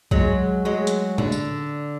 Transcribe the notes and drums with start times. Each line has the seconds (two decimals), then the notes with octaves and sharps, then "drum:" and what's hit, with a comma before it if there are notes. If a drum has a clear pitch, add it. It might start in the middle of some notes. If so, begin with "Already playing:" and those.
0.11 F#3 G#3, drum: kick B1
0.65 F#3 G#3
0.87 drum: hi-hat
1.18 D3, drum: tom A2
1.32 drum: tambourine